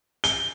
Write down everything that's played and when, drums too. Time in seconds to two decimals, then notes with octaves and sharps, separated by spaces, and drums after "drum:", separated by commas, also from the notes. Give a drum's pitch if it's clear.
0.24 G7, drum: hi-hat